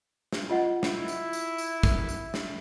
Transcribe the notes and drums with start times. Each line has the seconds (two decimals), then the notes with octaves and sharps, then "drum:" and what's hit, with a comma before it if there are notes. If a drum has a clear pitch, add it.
0.32 drum: snare
0.50 F4 D#5 F#5
0.83 E4, drum: snare
1.08 drum: tambourine
1.33 drum: tambourine
1.58 drum: tambourine
1.83 drum: kick, tambourine
2.09 drum: tambourine
2.34 drum: snare